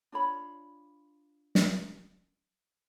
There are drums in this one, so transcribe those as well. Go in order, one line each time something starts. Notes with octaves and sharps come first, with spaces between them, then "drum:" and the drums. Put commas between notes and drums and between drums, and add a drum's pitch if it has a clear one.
D4 F4 C#5 B5
drum: snare